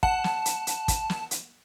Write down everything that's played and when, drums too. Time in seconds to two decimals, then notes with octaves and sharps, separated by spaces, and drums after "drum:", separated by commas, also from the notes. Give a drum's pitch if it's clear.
0.03 F#5 A5, drum: kick
0.24 drum: snare
0.45 drum: hi-hat
0.67 drum: hi-hat
0.88 drum: kick, hi-hat
1.10 drum: snare
1.31 drum: hi-hat